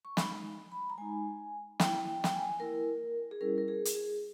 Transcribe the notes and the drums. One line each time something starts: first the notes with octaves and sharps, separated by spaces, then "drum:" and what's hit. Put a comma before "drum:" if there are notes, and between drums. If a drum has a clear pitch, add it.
C#6
G#3 D#4 B5, drum: snare
B5
A#5
G#3 D#4 G#5
A#3 E4 G5, drum: snare
G5
G5, drum: snare
G#5
A#3 E4 A#4
G#4
G3 C#4 E4 A#4
A#4
G#4
drum: hi-hat
G#4